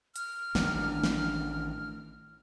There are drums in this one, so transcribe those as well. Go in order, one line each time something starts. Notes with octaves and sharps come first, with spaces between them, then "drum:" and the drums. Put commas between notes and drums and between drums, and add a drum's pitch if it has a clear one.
F6, drum: hi-hat
A1 D#3 D4, drum: snare
drum: snare